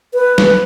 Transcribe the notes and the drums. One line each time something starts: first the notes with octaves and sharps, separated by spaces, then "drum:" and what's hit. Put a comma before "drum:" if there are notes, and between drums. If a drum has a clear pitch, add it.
B4
drum: snare